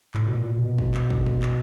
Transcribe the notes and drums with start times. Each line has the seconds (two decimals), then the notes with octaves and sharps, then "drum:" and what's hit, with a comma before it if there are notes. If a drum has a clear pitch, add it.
0.14 A2, drum: clap
0.26 B2
0.35 A#2
0.57 B2
0.78 drum: kick
0.94 drum: clap
1.10 drum: kick
1.26 drum: kick
1.42 drum: clap